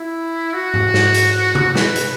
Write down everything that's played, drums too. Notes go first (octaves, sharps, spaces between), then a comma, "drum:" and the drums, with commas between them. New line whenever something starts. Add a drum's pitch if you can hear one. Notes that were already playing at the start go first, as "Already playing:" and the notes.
Already playing: E4
F#4
drum: tom G#2
drum: snare
drum: hi-hat
drum: tom C3
B4, drum: snare
drum: hi-hat